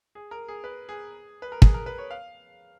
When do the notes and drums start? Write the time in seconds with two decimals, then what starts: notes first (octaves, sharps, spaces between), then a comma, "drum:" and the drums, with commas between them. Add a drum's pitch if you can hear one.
0.15 G#4
0.31 A#4
0.48 G#4
0.64 B4
0.89 G#4
1.42 B4
1.52 A#4
1.62 G#4, drum: kick
1.74 A#4
1.86 B4
1.98 C#5
2.11 F5